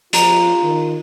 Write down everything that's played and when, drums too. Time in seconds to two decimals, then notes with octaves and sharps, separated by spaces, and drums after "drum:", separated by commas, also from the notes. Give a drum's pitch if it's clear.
0.13 F3 F4 A#5 F7, drum: hi-hat
0.63 D#3